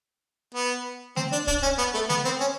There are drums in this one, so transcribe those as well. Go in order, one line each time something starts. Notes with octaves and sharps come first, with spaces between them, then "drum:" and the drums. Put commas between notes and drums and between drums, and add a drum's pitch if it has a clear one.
B3
C4, drum: snare A3
D4
D4, drum: kick
C#4
B3
A3
B3, drum: snare A3
C4
C#4